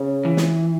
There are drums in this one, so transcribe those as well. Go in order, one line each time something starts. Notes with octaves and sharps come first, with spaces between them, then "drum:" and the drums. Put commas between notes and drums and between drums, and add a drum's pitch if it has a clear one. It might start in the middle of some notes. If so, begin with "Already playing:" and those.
Already playing: C#3
E3
drum: snare